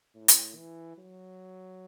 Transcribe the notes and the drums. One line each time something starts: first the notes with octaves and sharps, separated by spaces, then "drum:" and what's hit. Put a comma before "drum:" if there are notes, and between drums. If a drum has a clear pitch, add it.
A2
drum: hi-hat
E3
F#3